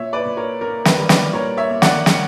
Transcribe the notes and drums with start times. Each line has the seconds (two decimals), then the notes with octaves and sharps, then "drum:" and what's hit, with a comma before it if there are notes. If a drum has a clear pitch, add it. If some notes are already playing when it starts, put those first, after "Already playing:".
Already playing: A#2 C#5 E5
0.13 B4 D5
0.25 A#2
0.37 A#4 C#5
0.61 A#3 A#4
0.85 B4, drum: snare
0.98 G3
1.09 B4 D5, drum: snare
1.33 A#2 A#4 C#5
1.57 C#5 E5
1.70 A#3
1.82 D5 F#5, drum: snare
2.06 G3, drum: snare